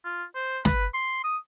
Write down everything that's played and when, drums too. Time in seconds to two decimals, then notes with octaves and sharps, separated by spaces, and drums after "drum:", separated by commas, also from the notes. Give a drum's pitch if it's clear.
0.05 F4
0.35 C5
0.65 B4, drum: snare
0.94 C6
1.24 D#6